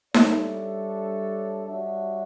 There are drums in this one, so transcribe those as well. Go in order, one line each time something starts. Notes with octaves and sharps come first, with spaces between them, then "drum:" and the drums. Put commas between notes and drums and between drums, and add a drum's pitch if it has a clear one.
G3 D4 A4 C#5 E5, drum: snare D#4
G3 D4 F#4 C#5 E5